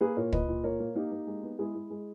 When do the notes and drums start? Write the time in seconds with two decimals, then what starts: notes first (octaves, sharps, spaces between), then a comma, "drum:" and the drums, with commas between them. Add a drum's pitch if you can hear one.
0.01 A#3 G#4 B4
0.17 A#2 A#4 C#5
0.32 A#2 B4 D#5, drum: kick
0.48 A#2
0.64 A#3 A#4 C#5
0.80 A#3
0.95 A#3 D#4 G4
1.12 A#3
1.27 G#3
1.43 B3
1.59 G#3 E4 G#4
1.75 G#3
1.90 G#3